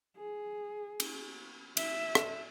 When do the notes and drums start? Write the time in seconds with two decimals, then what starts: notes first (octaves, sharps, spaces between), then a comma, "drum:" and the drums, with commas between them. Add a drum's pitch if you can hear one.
0.16 G#4
1.00 drum: cymbal
1.77 E5, drum: cymbal
2.15 drum: rim click